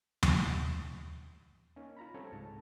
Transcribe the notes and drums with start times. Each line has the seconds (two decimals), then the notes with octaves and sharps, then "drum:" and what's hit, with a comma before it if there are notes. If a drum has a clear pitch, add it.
0.23 drum: tom D#2
1.76 A#3 C#4 D#4
1.97 F4 A#5 B5
2.14 G3 C4 C#4 A4 C#5
2.32 C#2 G#2 A5